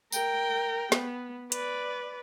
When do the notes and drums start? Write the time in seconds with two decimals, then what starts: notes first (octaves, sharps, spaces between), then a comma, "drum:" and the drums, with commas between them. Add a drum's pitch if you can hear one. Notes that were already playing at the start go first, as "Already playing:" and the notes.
0.12 A#4 G5, drum: tambourine
0.92 B3, drum: snare
1.52 B4 D5, drum: hi-hat